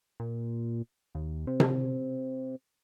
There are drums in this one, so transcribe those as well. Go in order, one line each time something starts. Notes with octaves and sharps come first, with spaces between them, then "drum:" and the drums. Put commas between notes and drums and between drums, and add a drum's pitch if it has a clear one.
A#2
D#2
C3
drum: tom C3